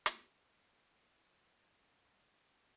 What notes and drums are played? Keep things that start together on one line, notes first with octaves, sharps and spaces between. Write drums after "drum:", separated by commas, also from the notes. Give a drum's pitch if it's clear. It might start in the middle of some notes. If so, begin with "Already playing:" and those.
drum: hi-hat
C2 A#3